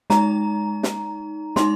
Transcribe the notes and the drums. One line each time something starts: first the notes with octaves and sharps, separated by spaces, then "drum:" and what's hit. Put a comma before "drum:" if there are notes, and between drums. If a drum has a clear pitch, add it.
G#3 D#4 A#5, drum: snare
drum: snare
G#3 D#4 C6, drum: snare